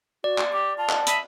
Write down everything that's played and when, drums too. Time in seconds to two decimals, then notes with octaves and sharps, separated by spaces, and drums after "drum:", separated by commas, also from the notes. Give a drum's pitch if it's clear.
0.24 F#4 D5
0.38 drum: clap
0.53 G4 D6
0.78 F4 A5
0.90 drum: clap
1.07 D#5 E5 B5, drum: hi-hat